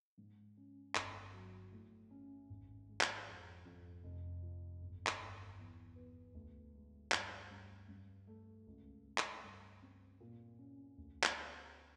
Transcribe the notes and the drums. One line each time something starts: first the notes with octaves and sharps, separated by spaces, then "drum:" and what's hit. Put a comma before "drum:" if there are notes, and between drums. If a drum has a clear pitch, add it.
G#2
C#4
G1, drum: clap
F#3
A2
C#4
G#1
G#3
drum: clap
F2
F2
F1
F3
G1
drum: clap
G1
E2
B3
D2
G#3
G2, drum: clap
G2
G2
A3
C#2
A3
drum: clap
G2
C4
A#2
C#4
D2
drum: clap
B3